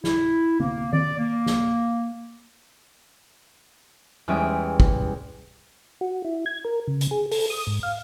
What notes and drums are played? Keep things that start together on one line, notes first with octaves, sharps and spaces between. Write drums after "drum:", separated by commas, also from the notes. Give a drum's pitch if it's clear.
E4, drum: snare
A#3, drum: tom
D5, drum: tom D#3
A#3
drum: snare
E2 G3 G#3 C#4 E5 D7
drum: kick
F#4
E4
G#6
A#4
C#3
drum: hi-hat
G#4
A4, drum: open hi-hat
D#6
G#2
F5